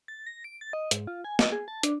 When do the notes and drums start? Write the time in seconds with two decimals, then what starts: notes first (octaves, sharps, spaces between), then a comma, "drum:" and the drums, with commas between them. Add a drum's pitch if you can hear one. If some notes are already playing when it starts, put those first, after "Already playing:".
0.08 A6
0.26 A#6
0.44 D7
0.61 A6
0.73 D#5
0.91 G#2, drum: hi-hat
1.07 F4
1.24 G#5
1.39 D#5, drum: snare
1.52 G#4
1.68 A5
1.83 D4, drum: hi-hat